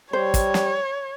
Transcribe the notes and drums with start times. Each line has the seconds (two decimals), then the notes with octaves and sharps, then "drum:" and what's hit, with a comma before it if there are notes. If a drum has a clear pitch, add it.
0.13 G3 C5 C#5
0.34 drum: kick, hi-hat
0.54 drum: snare